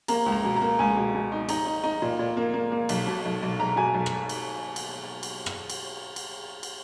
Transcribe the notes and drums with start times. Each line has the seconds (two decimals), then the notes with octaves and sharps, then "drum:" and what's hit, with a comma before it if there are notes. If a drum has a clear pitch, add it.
0.08 A#3 A#5, drum: cymbal
0.26 C#2
0.32 A#5
0.44 B2
0.56 A#3 A#5
0.79 C#2 G#5
0.97 B2
1.15 B2
1.32 D#4
1.49 D#4 A#5, drum: cymbal
1.66 D#4
1.84 D#4
2.02 A#2
2.19 A#2
2.37 A#3
2.54 A#3
2.72 A#3
2.89 B1, drum: cymbal
3.07 B2
3.25 B1
3.42 B1
3.59 B1 A#5
3.76 B2 G#5
3.94 B1
4.06 drum: rim click
4.29 drum: cymbal
4.76 drum: cymbal
5.23 drum: cymbal
5.46 drum: rim click
5.70 drum: cymbal
6.16 drum: cymbal
6.63 drum: cymbal